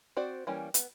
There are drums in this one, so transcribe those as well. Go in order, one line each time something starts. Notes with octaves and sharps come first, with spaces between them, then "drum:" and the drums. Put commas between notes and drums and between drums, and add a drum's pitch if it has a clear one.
C4 F#4 C5 D5
E3 G3 A#3 C#4
B3, drum: hi-hat